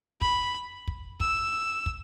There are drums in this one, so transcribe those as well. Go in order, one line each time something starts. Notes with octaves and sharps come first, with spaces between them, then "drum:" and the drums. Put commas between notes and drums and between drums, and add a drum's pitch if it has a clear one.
B5, drum: kick
drum: kick
E6, drum: kick
drum: kick